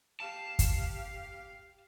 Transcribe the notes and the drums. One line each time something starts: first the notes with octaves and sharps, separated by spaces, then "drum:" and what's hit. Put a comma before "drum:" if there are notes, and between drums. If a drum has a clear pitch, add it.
G4 F5 A5
drum: kick, hi-hat